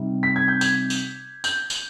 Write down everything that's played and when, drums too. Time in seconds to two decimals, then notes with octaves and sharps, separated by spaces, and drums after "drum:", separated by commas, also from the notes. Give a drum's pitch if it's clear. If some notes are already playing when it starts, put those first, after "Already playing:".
Already playing: C3 G3 C4 D#4
0.23 B6
0.36 G#6
0.48 G6
0.61 G#6, drum: tambourine
0.90 drum: tambourine
1.44 G6, drum: tambourine
1.70 drum: tambourine